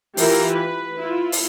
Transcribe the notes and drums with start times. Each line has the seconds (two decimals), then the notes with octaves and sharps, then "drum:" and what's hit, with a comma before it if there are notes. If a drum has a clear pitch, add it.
0.17 E3 E4 F4 G4 A#4, drum: open hi-hat
0.51 B4
0.99 E4 F4
1.32 drum: open hi-hat